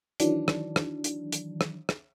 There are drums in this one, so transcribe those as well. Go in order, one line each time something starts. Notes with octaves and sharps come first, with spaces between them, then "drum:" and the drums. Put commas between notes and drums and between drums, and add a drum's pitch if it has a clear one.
D#3 E3 F#3 D4, drum: hi-hat
drum: rim click
drum: rim click
drum: hi-hat
drum: hi-hat
drum: rim click
drum: rim click